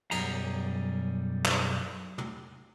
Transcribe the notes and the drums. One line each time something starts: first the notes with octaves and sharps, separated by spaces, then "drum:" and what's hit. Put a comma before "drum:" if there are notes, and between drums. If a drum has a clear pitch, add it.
B1 F#2 G3 G#4 A#5, drum: cymbal
drum: clap
drum: tom